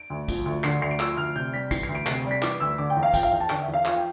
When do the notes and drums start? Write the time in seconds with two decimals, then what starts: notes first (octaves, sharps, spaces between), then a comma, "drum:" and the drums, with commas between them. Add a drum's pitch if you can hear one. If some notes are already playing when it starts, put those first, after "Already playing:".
Already playing: D7
0.10 D2
0.28 F3, drum: kick, tambourine
0.45 D2
0.64 D3 C7, drum: clap
0.81 D2 C7
0.91 D7
1.00 F3 E6, drum: clap
1.17 D2 F6
1.36 C3 G6
1.53 G3 B6
1.71 E3 C7, drum: kick, tambourine
1.83 C7
1.89 D2
1.95 D7
2.06 C3 C7, drum: clap
2.25 G3
2.31 B6
2.42 E3 D6, drum: clap
2.60 D2 E6
2.78 D3 D6
2.90 G5
2.96 E2
3.03 F5
3.14 F3 G5, drum: kick, tambourine
3.23 F5
3.32 E2 G5
3.40 A5
3.50 D3 G5, drum: clap
3.61 E5
3.68 E2
3.74 F5
3.85 F3 F5, drum: clap
3.96 G5